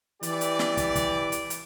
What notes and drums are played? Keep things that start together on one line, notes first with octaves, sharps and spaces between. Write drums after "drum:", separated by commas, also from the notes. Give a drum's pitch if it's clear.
E3 G4 B4 D5, drum: hi-hat
drum: hi-hat
drum: snare
drum: kick, hi-hat
drum: kick, hi-hat
drum: hi-hat
drum: hi-hat